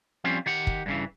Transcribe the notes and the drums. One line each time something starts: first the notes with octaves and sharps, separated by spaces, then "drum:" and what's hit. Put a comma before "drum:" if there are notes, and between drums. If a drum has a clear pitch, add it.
F3 G3 C4 C#4
D#3 G4 F#5
drum: kick
G2 C#3 E3